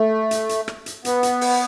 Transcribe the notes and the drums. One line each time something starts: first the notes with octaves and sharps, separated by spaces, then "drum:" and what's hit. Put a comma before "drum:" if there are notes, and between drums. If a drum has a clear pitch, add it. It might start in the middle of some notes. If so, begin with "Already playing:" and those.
Already playing: A3
drum: hi-hat
drum: hi-hat
drum: rim click
drum: hi-hat
B3, drum: hi-hat
drum: hi-hat
drum: open hi-hat